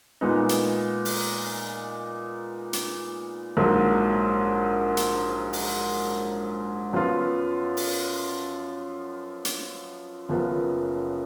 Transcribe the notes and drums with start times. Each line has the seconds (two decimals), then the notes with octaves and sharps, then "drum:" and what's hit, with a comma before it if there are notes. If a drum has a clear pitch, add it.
0.21 A#2 G#3 B3 D#4
0.49 drum: hi-hat
1.05 drum: open hi-hat
2.73 drum: hi-hat
3.57 A#1 G#2 F#3 A#3
4.97 drum: hi-hat
5.53 drum: open hi-hat
6.93 F#2 F3 B3 F4
7.77 drum: open hi-hat
9.45 drum: hi-hat
10.29 F#1 F#2 F3 B3